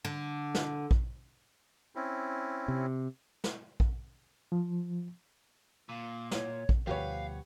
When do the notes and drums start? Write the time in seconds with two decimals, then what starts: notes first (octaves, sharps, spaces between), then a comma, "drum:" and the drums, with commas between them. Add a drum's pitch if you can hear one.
0.05 D3
0.55 drum: snare
0.91 drum: kick A#1
1.95 C4 C#4 E4
2.68 C3
3.44 drum: snare
3.80 drum: kick A#1
4.52 F3
5.89 A#2 F5
6.31 C#5, drum: snare
6.69 drum: kick A#1
6.87 D2 B2 F3 G4 B4 C#5 F5 F#5